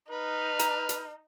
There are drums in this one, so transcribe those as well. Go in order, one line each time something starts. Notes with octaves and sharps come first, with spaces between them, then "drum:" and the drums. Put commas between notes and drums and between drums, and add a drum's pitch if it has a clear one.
D#4 B4 F6
A#5, drum: hi-hat
drum: hi-hat